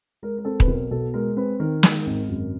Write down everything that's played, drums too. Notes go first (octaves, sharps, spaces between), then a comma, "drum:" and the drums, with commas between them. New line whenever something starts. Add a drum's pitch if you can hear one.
G#3 A#4
A#4
C4 A4
B4, drum: kick D#1
B1 A#4
B2 A4
G#3 A#4
C4 B4
D#3 A#4
G#3, drum: snare
G#1
F#2